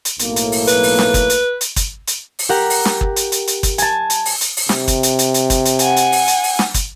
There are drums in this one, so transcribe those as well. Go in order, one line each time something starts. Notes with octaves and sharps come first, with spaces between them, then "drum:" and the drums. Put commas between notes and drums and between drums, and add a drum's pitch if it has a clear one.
drum: hi-hat
B1 A2 A#3, drum: hi-hat
drum: hi-hat
drum: open hi-hat
B4, drum: hi-hat
drum: open hi-hat
drum: snare
drum: kick, hi-hat
drum: hi-hat
drum: hi-hat
drum: kick, hi-hat
drum: hi-hat
drum: open hi-hat
G4 A#4 F#5
drum: open hi-hat
drum: snare
drum: kick
drum: hi-hat
drum: hi-hat
drum: hi-hat
drum: kick, hi-hat
G#5 A5, drum: hi-hat
drum: hi-hat
drum: open hi-hat
drum: hi-hat
drum: open hi-hat
C3, drum: snare
drum: kick, hi-hat
drum: hi-hat
drum: hi-hat
drum: hi-hat
drum: kick, hi-hat
drum: hi-hat
F#5 G#5, drum: hi-hat
drum: hi-hat
drum: open hi-hat
drum: hi-hat
drum: open hi-hat
drum: snare
drum: kick, hi-hat